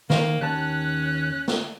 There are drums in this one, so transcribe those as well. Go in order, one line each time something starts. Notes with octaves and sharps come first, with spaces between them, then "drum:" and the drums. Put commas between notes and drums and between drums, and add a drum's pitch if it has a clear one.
D#3 A#3 C5, drum: snare
D#2 C#4 A5 F#6
drum: snare